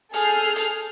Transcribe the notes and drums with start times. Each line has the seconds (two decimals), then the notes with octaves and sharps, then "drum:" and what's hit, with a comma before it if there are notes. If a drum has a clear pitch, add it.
0.13 G#4 A4 F6 G6 C7, drum: hi-hat
0.56 drum: hi-hat